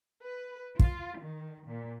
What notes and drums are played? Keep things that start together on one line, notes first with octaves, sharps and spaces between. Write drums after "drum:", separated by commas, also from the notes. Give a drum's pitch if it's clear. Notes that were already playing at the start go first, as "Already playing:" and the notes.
B4
F4, drum: kick
D#3
A#2